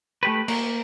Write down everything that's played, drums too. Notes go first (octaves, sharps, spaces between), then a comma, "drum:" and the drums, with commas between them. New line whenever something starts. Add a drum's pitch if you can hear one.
A3 G4 B4
A#3, drum: cymbal